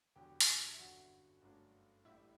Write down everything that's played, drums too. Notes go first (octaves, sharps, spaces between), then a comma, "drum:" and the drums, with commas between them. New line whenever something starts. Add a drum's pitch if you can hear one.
E2 D3 F#3 G4 G5
drum: open hi-hat
E5
G1 F#2 D3 F#4 F#5
G1 F#2 F#3 A3 D4
A1 A2 G3 E4 E5